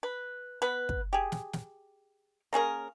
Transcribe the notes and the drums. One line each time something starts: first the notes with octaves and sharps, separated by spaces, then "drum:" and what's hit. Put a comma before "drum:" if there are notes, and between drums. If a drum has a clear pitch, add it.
B4
B3 B4
drum: kick
G4 G#4
drum: snare
drum: snare
A#3 C#4 G#4 A#4